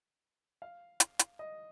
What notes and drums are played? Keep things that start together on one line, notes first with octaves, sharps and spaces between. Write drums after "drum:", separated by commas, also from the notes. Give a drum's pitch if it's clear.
F5
drum: hi-hat
drum: hi-hat
D#5